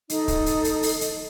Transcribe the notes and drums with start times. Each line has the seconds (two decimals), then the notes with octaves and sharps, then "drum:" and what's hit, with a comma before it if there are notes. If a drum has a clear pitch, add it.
0.10 D#4 A4 D#5, drum: hi-hat
0.28 drum: kick, hi-hat
0.46 drum: hi-hat
0.64 drum: hi-hat
0.83 drum: open hi-hat
1.01 drum: hi-hat